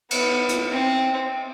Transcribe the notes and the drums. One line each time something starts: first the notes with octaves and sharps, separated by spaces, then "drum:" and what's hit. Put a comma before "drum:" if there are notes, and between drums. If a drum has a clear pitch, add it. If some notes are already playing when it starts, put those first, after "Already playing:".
B3, drum: cymbal
drum: hi-hat
C4